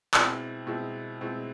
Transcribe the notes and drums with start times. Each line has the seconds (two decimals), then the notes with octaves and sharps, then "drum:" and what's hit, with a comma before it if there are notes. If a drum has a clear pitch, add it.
0.14 B2 G#3 C4 E4, drum: clap
0.67 B2 G#3 C4 E4
1.21 B2 G#3 C4 E4